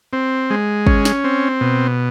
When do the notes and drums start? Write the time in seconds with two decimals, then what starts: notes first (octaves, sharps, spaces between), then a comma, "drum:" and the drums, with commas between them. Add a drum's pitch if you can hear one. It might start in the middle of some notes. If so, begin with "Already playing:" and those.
0.13 C4
0.50 G#3
0.87 C#4, drum: kick
1.05 drum: snare
1.24 C4
1.61 B2